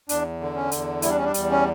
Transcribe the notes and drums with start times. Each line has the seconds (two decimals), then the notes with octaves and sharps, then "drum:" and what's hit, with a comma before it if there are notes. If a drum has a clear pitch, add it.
0.09 E2 D4, drum: hi-hat
0.41 D3
0.56 C#4
0.72 E2, drum: hi-hat
1.02 G3 E4, drum: hi-hat
1.10 D4
1.17 C#4
1.24 D4
1.34 E2, drum: hi-hat
1.50 C#4